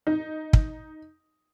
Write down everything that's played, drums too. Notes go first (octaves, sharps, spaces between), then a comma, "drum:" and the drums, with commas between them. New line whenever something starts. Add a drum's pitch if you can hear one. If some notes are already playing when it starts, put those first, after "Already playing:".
D#4
drum: kick